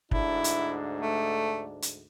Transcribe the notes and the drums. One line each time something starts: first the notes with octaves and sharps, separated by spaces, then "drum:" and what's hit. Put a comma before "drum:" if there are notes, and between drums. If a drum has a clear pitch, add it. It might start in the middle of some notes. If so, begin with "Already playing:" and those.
D2 G#2 D4 E4, drum: kick
drum: hi-hat
A3
drum: hi-hat